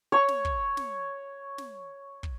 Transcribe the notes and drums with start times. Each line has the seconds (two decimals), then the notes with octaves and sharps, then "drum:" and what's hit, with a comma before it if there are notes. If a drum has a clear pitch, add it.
0.12 C#5 C#6
0.28 drum: snare
0.45 drum: kick
0.77 drum: snare
1.58 drum: snare
2.23 drum: kick